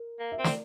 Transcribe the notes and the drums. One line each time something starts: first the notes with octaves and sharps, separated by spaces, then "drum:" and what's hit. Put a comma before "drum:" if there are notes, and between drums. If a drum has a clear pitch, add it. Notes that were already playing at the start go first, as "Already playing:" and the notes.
Already playing: A#4
A#3
E5
C4
D5, drum: snare